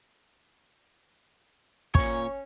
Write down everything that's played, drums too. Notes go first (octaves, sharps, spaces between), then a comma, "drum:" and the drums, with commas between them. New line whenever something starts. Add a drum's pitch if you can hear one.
A#2 C#4 C#5 C#6, drum: kick